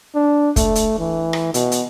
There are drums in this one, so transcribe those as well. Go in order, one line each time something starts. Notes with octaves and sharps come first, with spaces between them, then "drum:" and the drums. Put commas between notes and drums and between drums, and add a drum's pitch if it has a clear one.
D4
A3, drum: kick, hi-hat
drum: hi-hat
E3
drum: rim click
B2, drum: hi-hat
drum: hi-hat